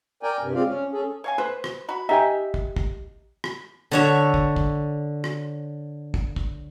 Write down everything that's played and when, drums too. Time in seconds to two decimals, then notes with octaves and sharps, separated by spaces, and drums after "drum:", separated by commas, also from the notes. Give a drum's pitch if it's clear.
0.23 A#4 D5 G5 G#5
0.41 G2 C3
0.55 C#3 G#3 C4 F4 D5 F5
0.67 C#4
0.93 C#4 G#4 A4
1.24 C#5 F5 G#5
1.38 B4 C5
1.64 drum: rim click
1.89 F#4 B5
2.09 D#4 G4 E5 G5 G#5
2.54 drum: kick
2.76 drum: kick
3.44 drum: rim click
3.91 D3 C#5 E5
4.34 drum: kick
4.56 drum: kick
5.24 drum: rim click
6.14 drum: kick
6.36 drum: kick